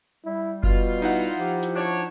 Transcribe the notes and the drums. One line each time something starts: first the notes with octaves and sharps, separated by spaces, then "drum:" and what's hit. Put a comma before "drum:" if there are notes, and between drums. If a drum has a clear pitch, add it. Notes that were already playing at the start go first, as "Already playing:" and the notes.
G3 E4
B2 F4, drum: kick F#1
D#4 E4 F#5
F3 G4
drum: hi-hat
D4 C#5